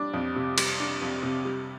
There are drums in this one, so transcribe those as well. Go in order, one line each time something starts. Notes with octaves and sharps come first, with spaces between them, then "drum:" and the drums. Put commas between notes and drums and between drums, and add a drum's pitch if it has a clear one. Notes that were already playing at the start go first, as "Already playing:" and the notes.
Already playing: G3 D4
F2
C3
G3, drum: cymbal
D4
F2
C3
G3